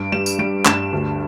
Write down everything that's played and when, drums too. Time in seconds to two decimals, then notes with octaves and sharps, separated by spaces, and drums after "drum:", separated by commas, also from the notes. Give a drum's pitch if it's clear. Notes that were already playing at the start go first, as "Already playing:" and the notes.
Already playing: G2 D7
0.12 G3 E7
0.26 drum: tambourine
0.39 G3 D7
0.65 G2 E7, drum: clap
0.92 D2